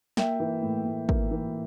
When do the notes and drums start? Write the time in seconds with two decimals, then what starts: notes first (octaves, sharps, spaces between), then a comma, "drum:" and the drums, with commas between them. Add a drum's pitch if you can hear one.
0.17 A#3 E5 G5, drum: snare
0.40 E3
0.62 A2
0.86 A2
1.09 A#3, drum: kick
1.31 E3